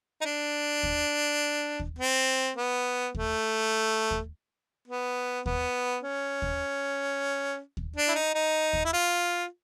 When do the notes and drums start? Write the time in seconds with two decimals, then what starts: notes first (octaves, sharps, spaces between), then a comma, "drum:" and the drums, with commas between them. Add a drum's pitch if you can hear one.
0.21 D#4
0.25 D4
0.83 drum: kick D#2
1.80 drum: kick D#2
1.99 C4
2.57 B3
3.15 A3, drum: kick D#2
4.11 drum: kick D#2
4.88 B3
5.46 B3, drum: kick D#2
6.03 C#4
6.42 drum: kick D#2
7.77 drum: kick D#2
7.96 D4
8.08 E4
8.15 D#4
8.35 D#4
8.73 drum: kick D#2
8.85 E4
8.93 F4